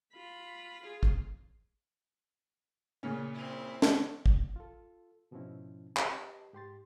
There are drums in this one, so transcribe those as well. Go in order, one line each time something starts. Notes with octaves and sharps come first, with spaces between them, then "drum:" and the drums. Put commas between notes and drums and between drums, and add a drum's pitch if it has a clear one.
F4 B5
F4 G#4
drum: kick
A#2 C#3 C#4
C4 E4
drum: snare
drum: kick
F4 A4
G#2 B2 F3 C4 C#4 E4
G4 B4 D#5 A5, drum: clap
G#2 G4 C6 A6